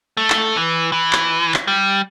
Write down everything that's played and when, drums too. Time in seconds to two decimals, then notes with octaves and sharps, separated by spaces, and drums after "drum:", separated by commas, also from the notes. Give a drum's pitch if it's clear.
0.17 A3
0.30 drum: clap
0.57 E3
0.92 E3
1.13 drum: clap
1.54 drum: clap
1.67 G3